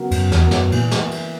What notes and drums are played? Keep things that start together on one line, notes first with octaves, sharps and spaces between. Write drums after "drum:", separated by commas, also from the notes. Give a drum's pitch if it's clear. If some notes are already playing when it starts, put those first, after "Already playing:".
Already playing: C#3 F#3 B3 F#4 A#4
F#2 C#3, drum: cymbal
E2, drum: snare
F#3 B3 F#4 A#4
F#2, drum: snare
A#2 E3, drum: cymbal
drum: snare
A#3 E4
drum: cymbal